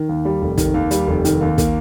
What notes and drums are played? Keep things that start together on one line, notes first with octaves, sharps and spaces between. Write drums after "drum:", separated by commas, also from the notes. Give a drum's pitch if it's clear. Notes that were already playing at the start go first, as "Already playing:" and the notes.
Already playing: D#3
D#2
G3
F1
D#3, drum: kick, hi-hat
D#2
G3, drum: hi-hat
F1
D#3, drum: hi-hat
D#2
A#3, drum: kick, hi-hat